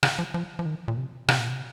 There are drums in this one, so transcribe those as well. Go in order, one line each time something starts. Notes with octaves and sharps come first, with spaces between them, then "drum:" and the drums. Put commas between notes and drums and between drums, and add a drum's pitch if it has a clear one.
C#3, drum: rim click
F3
F3
F3
D#3
A#2
C3
C3, drum: rim click
A#2
C3